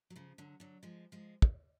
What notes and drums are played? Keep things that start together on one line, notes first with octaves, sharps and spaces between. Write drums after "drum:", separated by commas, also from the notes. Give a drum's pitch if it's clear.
F#3
C#3 F3
D3 F#3
D3 F#3
F3 G#3
F3 G#3
drum: kick